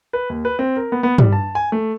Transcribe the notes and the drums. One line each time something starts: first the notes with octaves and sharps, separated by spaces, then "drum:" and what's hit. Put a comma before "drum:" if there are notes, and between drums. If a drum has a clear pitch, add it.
B4
D#2
B4
C4
A#4
B3
B3
G3, drum: tom
A5
G#5
A3